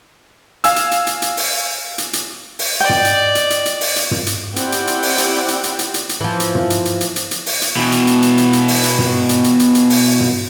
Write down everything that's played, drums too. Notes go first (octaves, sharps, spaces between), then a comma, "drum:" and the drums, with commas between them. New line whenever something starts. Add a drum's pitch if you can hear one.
F5 G#5 E6, drum: hi-hat
drum: hi-hat
drum: hi-hat
drum: hi-hat
drum: hi-hat
drum: open hi-hat
drum: hi-hat
drum: hi-hat
drum: open hi-hat
D5 D#5 G5
drum: tom
drum: hi-hat
drum: hi-hat
drum: hi-hat
drum: hi-hat
drum: open hi-hat
drum: hi-hat
drum: tom
drum: hi-hat
C4 E4 G4 D5 F#5 G5, drum: hi-hat
drum: hi-hat
drum: hi-hat
drum: open hi-hat
drum: hi-hat
drum: hi-hat
drum: hi-hat
drum: hi-hat
drum: hi-hat
drum: hi-hat
E3 F3
drum: hi-hat
drum: tom
drum: hi-hat
drum: hi-hat
drum: hi-hat
drum: hi-hat
drum: hi-hat
drum: open hi-hat
drum: hi-hat
B2 E3
drum: hi-hat
drum: hi-hat
drum: hi-hat
drum: hi-hat
drum: hi-hat
drum: open hi-hat
drum: hi-hat
drum: tom
drum: hi-hat
drum: hi-hat
drum: hi-hat
drum: hi-hat
drum: open hi-hat
drum: tom